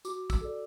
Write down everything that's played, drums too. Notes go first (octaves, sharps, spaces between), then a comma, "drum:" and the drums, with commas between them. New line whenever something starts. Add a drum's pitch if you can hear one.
F#4 D6, drum: tambourine
E6, drum: kick, tambourine
A4 D5